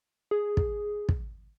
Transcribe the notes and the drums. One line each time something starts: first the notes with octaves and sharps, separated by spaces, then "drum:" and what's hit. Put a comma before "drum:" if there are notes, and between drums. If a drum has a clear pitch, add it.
G#4
drum: kick
drum: kick